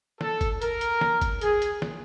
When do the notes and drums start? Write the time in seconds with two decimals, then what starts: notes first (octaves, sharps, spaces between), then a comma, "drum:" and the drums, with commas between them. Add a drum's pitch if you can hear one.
0.21 A4, drum: snare
0.41 drum: kick G1, hi-hat
0.62 A#4, drum: hi-hat
0.81 drum: hi-hat
1.01 drum: snare
1.21 drum: kick G1, hi-hat
1.41 G#4, drum: hi-hat
1.62 drum: hi-hat
1.82 drum: snare